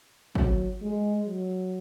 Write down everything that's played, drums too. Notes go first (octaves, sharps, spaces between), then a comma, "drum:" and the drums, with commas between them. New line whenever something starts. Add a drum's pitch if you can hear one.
F#3, drum: kick
G#3
F#3